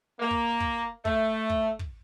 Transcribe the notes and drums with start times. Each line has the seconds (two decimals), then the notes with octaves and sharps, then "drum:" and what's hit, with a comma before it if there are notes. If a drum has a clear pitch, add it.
0.20 A#3
0.31 drum: kick
0.60 drum: kick
1.05 A3, drum: kick
1.50 drum: kick
1.79 drum: kick